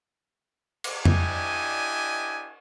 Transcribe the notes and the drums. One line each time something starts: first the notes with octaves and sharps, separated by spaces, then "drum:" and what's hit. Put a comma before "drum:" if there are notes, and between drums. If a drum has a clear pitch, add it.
drum: cymbal
D4 E4 G4 D#5 G#5, drum: tom F2